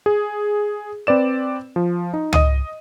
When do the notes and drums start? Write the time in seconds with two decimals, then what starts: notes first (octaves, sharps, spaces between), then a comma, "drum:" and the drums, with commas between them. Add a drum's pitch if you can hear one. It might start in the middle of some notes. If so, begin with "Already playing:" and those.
0.06 G#4
1.07 C4 B4 D5 E7
1.76 F3
2.13 D#4
2.33 D#5 D#6 D#7, drum: tom